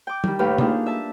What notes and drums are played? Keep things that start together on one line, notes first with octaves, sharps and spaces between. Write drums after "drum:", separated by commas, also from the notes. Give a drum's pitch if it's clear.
G5 D6
D#3 G3, drum: tom
D#2 A2 G4 B4 F5
A#3 D4 D#4 F4 G#4 F5, drum: tom
E5 A5